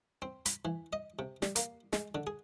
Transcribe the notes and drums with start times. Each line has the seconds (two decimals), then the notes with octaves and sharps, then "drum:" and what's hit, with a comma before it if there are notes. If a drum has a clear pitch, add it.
0.22 C4
0.46 B5, drum: hi-hat
0.65 E3
0.93 D#5
1.19 C3
1.42 G3, drum: snare
1.56 A#3, drum: hi-hat
1.93 G#3, drum: snare
2.15 D3
2.27 G#4